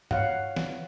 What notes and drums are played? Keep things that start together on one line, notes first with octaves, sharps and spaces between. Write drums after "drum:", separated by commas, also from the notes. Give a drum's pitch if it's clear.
C#5 F5 F#5, drum: tom G2
drum: snare